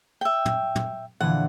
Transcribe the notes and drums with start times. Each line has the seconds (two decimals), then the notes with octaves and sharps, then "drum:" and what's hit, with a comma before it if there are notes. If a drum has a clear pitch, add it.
0.21 E5 G5
0.45 drum: tom
0.75 drum: tom
1.21 A#1 D3 E3 F#5